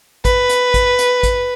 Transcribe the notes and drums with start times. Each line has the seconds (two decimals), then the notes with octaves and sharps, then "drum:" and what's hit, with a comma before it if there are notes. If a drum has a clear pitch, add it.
0.25 B4, drum: kick A1, hi-hat
0.49 drum: hi-hat
0.74 drum: kick A1, hi-hat
0.99 drum: hi-hat
1.23 drum: kick A1, hi-hat